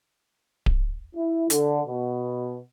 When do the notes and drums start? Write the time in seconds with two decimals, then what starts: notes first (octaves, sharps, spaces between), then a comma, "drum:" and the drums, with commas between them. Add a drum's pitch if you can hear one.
0.66 drum: kick D1
1.15 E4
1.50 D3, drum: hi-hat
1.87 B2